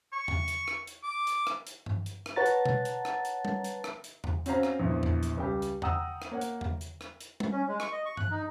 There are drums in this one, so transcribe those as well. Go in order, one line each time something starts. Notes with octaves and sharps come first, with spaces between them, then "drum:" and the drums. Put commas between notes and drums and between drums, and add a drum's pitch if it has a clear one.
C#6
drum: tom E2
drum: hi-hat
drum: rim click
drum: hi-hat
D6
drum: hi-hat
drum: rim click
drum: hi-hat
drum: tom G2
drum: hi-hat
drum: rim click
B4 C#5 F#5 A5 A#5 A6
drum: hi-hat
drum: tom B2
drum: hi-hat
drum: rim click
drum: hi-hat
drum: tom G3
drum: hi-hat
drum: rim click
drum: hi-hat
drum: tom E2
C4 C#4 F#4 C5 F5 A#5, drum: hi-hat
drum: rim click
A#1 E2 E3
drum: tom E2
drum: hi-hat
C#2 G3 G4
drum: hi-hat
F#5 G5 A#5 D#6 E6, drum: tom E2
drum: rim click
A#3 C#5 F#5
drum: hi-hat
drum: tom E2
drum: hi-hat
drum: rim click
drum: hi-hat
drum: tom G3
C#4
G#3
C#6, drum: rim click
D#5
C#6
F#6, drum: tom G2
D#4